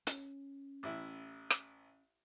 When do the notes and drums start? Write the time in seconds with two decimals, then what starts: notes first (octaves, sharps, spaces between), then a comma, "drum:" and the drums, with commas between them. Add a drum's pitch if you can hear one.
0.07 C#4, drum: hi-hat
0.83 A1 E4
1.50 drum: rim click